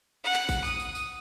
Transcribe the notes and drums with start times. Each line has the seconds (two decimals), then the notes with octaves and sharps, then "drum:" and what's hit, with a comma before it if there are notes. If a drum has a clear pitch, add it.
0.24 F#5
0.33 drum: clap
0.49 drum: kick A1, tambourine
0.64 D#6, drum: tambourine
0.80 drum: tambourine
0.95 drum: tambourine